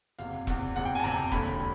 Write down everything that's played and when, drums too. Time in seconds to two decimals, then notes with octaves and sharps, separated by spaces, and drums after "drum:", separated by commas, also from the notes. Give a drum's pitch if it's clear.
0.19 F#1 E2 C3 F5, drum: hi-hat
0.47 F#1 E2 C3, drum: kick E1, hi-hat
0.76 F#1 E2 C3 F#5, drum: hi-hat
0.85 G5
0.95 G#5 A5
1.04 F#1 E2 C3 A#5, drum: hi-hat
1.32 E1 D#2 D3 B5, drum: kick E1, hi-hat